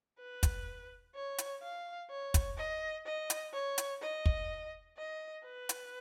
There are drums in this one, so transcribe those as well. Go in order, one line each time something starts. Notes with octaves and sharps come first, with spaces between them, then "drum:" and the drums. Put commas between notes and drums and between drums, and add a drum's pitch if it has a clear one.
B4
drum: kick, hi-hat
C#5
drum: hi-hat
F5
C#5
drum: kick, hi-hat
D#5
D#5
drum: hi-hat
C#5
drum: hi-hat
D#5
drum: kick
D#5
B4
drum: hi-hat